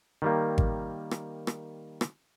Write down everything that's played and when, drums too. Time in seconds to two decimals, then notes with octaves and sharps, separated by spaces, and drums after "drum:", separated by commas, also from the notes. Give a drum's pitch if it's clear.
0.22 D#3 G3 A#3
0.58 drum: kick G#1
1.11 drum: rim click
1.47 drum: rim click
2.01 drum: rim click